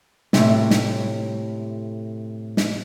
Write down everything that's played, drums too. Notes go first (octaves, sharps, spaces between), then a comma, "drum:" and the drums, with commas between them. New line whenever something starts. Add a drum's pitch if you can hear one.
A2 C3, drum: snare
drum: snare
drum: snare